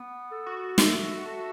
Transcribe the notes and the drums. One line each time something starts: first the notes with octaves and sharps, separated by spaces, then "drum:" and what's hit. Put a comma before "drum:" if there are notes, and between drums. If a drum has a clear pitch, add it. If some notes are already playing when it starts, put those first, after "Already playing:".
Already playing: B3
A4
F#4
E5, drum: snare
A4